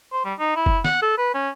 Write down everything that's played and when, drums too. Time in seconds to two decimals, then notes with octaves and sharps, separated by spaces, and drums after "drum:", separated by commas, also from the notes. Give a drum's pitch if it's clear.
0.12 C5
0.25 G3
0.39 D#4
0.56 E4
0.66 drum: kick
0.85 F#5, drum: snare
1.02 A4
1.18 B4
1.34 C#4